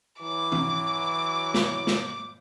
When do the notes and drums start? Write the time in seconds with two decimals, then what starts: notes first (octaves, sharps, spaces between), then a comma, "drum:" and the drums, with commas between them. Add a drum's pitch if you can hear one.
0.21 E3 F#3 D6
0.52 drum: tom
1.54 drum: snare
1.87 drum: snare